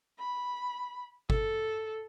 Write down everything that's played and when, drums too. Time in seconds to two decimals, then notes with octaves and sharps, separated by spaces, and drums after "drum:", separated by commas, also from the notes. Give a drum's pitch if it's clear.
0.19 B5
1.30 A4, drum: kick